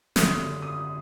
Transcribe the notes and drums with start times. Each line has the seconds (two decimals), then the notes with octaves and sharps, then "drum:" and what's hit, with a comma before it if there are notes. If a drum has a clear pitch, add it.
0.16 G#1 F#2 D3 G3 D#6, drum: snare
0.62 D#6